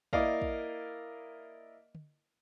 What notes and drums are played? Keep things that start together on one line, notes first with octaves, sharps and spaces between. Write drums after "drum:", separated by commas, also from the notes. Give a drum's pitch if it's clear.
A#3 E4 A#4 D5 D#5 F5, drum: kick
drum: kick
drum: tom D3